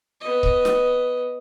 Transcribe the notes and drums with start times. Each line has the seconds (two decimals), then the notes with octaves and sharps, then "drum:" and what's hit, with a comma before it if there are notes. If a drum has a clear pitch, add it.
0.21 B3 D#5
0.43 drum: kick C#1
0.65 drum: snare